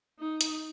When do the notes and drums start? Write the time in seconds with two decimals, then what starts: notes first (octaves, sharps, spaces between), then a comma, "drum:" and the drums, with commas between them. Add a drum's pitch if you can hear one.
0.20 D#4
0.41 drum: hi-hat